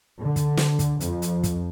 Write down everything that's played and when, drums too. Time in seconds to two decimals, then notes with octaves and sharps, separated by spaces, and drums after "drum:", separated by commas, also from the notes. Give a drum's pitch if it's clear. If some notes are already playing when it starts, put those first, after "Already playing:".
0.20 D3
0.36 drum: kick, hi-hat
0.57 drum: snare
0.79 drum: kick, hi-hat
1.00 F2, drum: hi-hat
1.22 drum: hi-hat
1.43 drum: kick, hi-hat